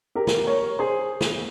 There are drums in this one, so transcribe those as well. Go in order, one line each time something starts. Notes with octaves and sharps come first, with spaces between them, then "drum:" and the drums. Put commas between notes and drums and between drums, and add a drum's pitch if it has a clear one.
G4 A#4
drum: snare
A#4 C#5
G#4 C5
drum: snare